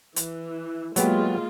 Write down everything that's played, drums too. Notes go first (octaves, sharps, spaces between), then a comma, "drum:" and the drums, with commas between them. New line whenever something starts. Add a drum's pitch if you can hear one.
E3, drum: hi-hat
F#3 G#3 A#3 B3 F4 G4, drum: hi-hat